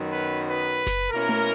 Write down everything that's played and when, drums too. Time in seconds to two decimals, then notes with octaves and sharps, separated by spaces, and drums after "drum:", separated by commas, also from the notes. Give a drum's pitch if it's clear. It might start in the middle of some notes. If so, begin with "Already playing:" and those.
Already playing: F#2 D#3 F#3 B3 D#4
0.11 B4
0.46 B4
0.87 drum: snare F#1
1.11 B2 A#3 C#4 E4 A#4
1.29 drum: tom A3